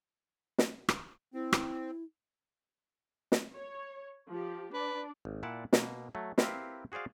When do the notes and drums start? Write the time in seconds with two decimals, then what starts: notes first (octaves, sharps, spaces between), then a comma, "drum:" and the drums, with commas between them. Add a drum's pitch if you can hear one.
0.58 drum: snare
0.89 drum: rim click
1.34 C4 E4
1.53 drum: rim click
3.32 drum: snare
3.54 C#5
4.30 F3 G4
4.74 D4 B4 D5
5.25 G#1
5.43 A#2 E4 D5 F#5 A5
5.73 B2 A#3, drum: snare
6.15 F#3 A3
6.38 C4 E4 G4 A#4 B4 F5, drum: snare
6.92 F#4 G#4 C5 D5 F5